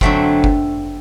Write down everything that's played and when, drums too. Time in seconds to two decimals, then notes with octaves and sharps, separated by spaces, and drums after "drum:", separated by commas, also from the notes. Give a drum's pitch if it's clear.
0.01 D3 F#3 A3 C4, drum: kick F#1
0.44 drum: kick F#1